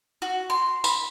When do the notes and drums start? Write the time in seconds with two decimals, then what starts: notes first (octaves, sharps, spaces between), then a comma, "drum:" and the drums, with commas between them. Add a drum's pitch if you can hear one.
0.22 F#4
0.50 C6
0.84 B5, drum: tambourine